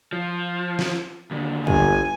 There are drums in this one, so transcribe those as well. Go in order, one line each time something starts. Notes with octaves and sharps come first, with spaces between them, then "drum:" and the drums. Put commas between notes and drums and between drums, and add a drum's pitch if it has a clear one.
F3
drum: snare
D#2 D3
G1 G#5, drum: kick